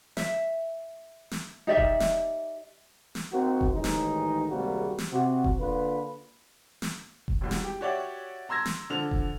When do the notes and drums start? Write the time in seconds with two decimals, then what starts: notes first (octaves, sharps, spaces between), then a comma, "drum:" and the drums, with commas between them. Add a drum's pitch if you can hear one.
0.17 E5, drum: snare
1.31 drum: snare
1.67 D#4 G4 D5 E5
1.77 drum: kick E1
2.00 drum: snare
3.15 drum: snare
3.32 A#3 C4 D#4 F#4
3.61 drum: kick E1
3.73 A1 G#2 D#3 C#4 D#4
3.84 drum: snare
4.49 G#1 C#2 C3 G3 A#3 F#4
4.98 drum: snare
5.12 C3 F#4
5.44 drum: kick E1
5.59 D3 A#3 F4 B4
6.82 drum: snare
7.28 drum: kick E1
7.41 E1 C2
7.51 drum: snare
7.64 G4
7.81 F#4 G4 C#5 D5 E5 F#5
8.49 A#5 C6 E6 G#6 A#6
8.65 drum: snare
8.90 D3 F3 A4 F6 F7
9.11 drum: kick E1